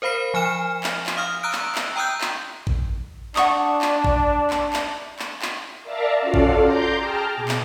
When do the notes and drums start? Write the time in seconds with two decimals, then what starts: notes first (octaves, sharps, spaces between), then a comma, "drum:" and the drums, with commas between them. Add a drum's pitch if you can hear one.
0.02 A#4 C5 F5 B5 C7
0.34 F3 G#5 F6 E7
0.83 drum: clap
1.06 drum: clap
1.17 F5 D#6 F6
1.43 A#5 E6 F#6 D7
1.52 drum: clap
1.75 drum: clap
1.96 G5 A#5 D#6 E6 F#6 G6
2.21 drum: clap
2.67 drum: kick A1
3.36 D4 F#5 C#6 D#6, drum: clap
3.82 drum: clap
4.04 drum: kick A1
4.50 drum: clap
4.73 drum: clap
5.19 drum: clap
5.42 drum: clap
5.83 A#4 D5 E5 F5 A5 A#5
6.21 C#4 F4 F#4 A4 D5 F5
6.34 drum: kick A1
6.60 A#5 C6 D6 G6
6.95 G#4 G5 A5 A#5 F6
7.33 B2 G#4 D6
7.48 drum: clap